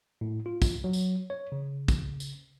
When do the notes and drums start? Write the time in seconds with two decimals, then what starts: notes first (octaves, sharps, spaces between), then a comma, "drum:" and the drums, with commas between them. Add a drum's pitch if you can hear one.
0.21 A2
0.46 F4
0.62 drum: kick, tambourine
0.84 F#3
0.93 drum: tambourine
1.30 C#5
1.52 C#3
1.88 drum: kick, tambourine
2.20 drum: tambourine